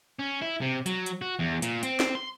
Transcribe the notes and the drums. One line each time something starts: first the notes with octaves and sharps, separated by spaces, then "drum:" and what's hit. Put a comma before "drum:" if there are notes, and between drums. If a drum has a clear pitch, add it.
C#4
E4
C3
F#3, drum: hi-hat
drum: hi-hat
F#4
E2
A#2, drum: hi-hat
C4, drum: hi-hat
drum: snare
C6